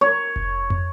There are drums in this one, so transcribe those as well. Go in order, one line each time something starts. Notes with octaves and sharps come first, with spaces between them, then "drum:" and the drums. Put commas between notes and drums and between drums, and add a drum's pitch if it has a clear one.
C#5
drum: kick F1
drum: tom